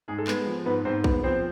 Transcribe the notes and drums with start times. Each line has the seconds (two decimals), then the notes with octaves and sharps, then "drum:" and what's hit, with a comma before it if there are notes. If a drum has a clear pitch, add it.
0.08 G#2 G#3 G#4
0.18 A4
0.27 G#3 B3 G#4, drum: clap
0.47 F3
0.65 G#2 B3 B4
0.85 G#2 C4 C5
1.04 B3, drum: kick
1.23 F3 C4 C5